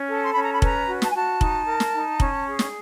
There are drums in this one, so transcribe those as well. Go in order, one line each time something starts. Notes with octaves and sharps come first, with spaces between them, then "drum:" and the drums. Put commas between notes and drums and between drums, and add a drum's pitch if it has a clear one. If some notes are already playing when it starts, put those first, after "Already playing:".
Already playing: C#4
A4
C6
C#4 B5
A#5
B5
B4 A#5, drum: kick
F#4
A5, drum: snare
G#5
F#4 A5
D#4, drum: kick
A#4
drum: snare
D#4
C#4, drum: kick
G#4
drum: snare